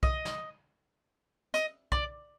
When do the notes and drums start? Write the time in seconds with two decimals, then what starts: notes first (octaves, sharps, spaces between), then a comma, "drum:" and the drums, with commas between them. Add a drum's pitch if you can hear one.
0.03 D#5, drum: kick B1
0.25 drum: snare
1.54 D#5, drum: hi-hat
1.92 D5, drum: kick B1